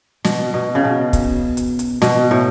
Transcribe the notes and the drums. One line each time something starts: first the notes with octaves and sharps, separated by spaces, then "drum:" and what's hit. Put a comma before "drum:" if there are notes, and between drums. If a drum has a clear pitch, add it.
B2, drum: snare
B2
C#3
B2
drum: kick, hi-hat
drum: hi-hat
drum: hi-hat
B2, drum: snare
A2